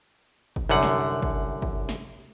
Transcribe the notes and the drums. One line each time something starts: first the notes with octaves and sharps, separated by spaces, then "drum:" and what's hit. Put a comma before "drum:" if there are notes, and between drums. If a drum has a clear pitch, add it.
drum: kick
C2 F#2 D3 F#5
drum: snare
drum: kick
drum: kick
drum: snare